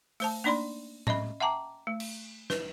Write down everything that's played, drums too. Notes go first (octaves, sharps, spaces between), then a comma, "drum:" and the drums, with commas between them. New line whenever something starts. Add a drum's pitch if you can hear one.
A3 C5 A5, drum: open hi-hat
A#3 D4 D#4 D5 B5 C6
C#4 D#5 E5 B5, drum: tom A2
E5 F#5 G5 A5 A#5 D6
A3
drum: cymbal
B4, drum: snare